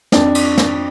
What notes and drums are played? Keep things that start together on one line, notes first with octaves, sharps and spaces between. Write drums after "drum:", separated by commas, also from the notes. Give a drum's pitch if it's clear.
F2 D4, drum: snare
drum: cymbal
drum: snare